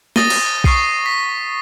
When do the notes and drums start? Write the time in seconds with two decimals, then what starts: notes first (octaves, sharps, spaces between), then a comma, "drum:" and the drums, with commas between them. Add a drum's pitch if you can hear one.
0.16 D#6 A6 A#6 D#7 G7, drum: snare
0.30 drum: cymbal
0.64 C#6 D#6 C7 D#7, drum: kick B1
1.06 B6